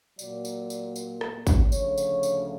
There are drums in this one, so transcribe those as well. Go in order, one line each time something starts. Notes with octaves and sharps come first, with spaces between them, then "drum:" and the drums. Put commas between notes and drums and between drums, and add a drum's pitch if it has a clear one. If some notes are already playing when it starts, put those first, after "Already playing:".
A#2 F#3 D5, drum: tambourine
drum: tambourine
drum: tambourine
drum: tambourine
drum: rim click
drum: kick A1, tambourine
D2 C#3 F3 C#5, drum: tambourine
drum: tambourine
drum: tambourine